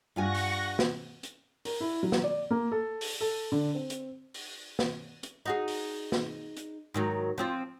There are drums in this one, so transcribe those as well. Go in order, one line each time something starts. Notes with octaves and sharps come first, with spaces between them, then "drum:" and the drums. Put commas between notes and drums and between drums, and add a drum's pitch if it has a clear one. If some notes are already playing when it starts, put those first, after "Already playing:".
G2 F4 F#5 G#5 C#6 A#6
drum: open hi-hat
drum: snare
drum: hi-hat
A#4, drum: open hi-hat
E4
F#3
drum: snare
D5
A#3
A4
drum: open hi-hat
A4
D3
C4
drum: hi-hat
drum: open hi-hat
drum: snare
drum: hi-hat
D#4 F#4 G#4
drum: open hi-hat
drum: snare
drum: hi-hat
G#2 D#3 F#3
F3 C4 F4